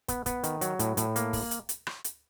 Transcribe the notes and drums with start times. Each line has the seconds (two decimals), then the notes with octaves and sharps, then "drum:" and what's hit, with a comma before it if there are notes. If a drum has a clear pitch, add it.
0.08 B3, drum: kick, hi-hat
0.26 B3, drum: kick, hi-hat
0.44 D#3, drum: hi-hat
0.61 F#3, drum: hi-hat
0.79 A2, drum: hi-hat
0.97 A2, drum: hi-hat
1.16 A#3, drum: hi-hat
1.33 drum: kick, open hi-hat
1.51 drum: hi-hat
1.69 drum: hi-hat
1.87 drum: rim click
2.04 drum: hi-hat